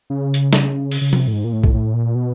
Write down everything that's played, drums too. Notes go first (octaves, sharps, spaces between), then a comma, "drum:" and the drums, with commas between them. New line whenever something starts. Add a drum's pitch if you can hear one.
C#3
drum: hi-hat
drum: snare
drum: open hi-hat
C#3
C3, drum: tom F3
A2
G#2
A#2
A2
drum: kick
A2
A#2
B2